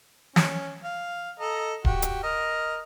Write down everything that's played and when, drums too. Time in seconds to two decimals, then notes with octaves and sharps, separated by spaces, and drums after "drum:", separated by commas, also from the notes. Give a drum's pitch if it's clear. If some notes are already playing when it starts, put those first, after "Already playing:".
0.36 C#4, drum: snare
0.84 F5
1.40 A4 D#5 A#5
1.85 F#4 G4, drum: kick D1
2.02 drum: hi-hat
2.23 A#4 D#5 F6